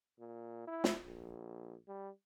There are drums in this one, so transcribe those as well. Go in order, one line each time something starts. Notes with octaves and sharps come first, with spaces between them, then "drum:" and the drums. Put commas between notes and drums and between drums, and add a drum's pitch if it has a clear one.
A#2
E4
drum: snare
A#1
G3